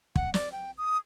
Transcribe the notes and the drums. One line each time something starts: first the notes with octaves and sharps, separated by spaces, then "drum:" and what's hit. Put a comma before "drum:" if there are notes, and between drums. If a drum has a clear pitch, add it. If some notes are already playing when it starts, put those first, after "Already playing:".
F#5, drum: kick
D5, drum: snare
G5
D#6